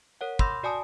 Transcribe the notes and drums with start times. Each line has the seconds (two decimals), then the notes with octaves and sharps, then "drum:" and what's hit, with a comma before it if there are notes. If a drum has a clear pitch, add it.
0.21 A#4 C#5 F#5
0.39 B5 C6 D6 E6 G6 A#6, drum: kick
0.63 F#4 D5 G#5 A5 D#6